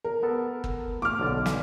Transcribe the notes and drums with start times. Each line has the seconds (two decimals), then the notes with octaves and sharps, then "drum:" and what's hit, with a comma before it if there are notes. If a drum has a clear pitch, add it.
0.04 A#4
0.23 B3 A4
0.64 drum: kick
1.02 D6 F6
1.20 B1 D3 D5
1.46 drum: snare